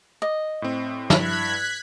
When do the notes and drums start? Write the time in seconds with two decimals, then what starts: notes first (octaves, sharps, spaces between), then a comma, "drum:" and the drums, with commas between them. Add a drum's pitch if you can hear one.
0.22 D#5
0.62 A2 C4
1.10 G2 E4 F#6 G#6 B6, drum: snare